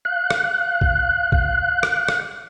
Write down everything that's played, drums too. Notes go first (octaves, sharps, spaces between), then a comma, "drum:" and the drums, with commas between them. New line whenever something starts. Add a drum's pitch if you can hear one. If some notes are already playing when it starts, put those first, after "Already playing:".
F5 F#6
drum: rim click
drum: kick
drum: kick
drum: rim click
drum: rim click